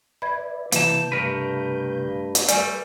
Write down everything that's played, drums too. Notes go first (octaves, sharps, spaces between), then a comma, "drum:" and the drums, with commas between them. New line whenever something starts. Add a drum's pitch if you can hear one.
B4 D5 E5 B5 G#6
C3 E3 A#3 A5 G6, drum: hi-hat
G2 A3 A#4 B4
drum: hi-hat
G3 A3 A#4 B4 D5 G#5, drum: hi-hat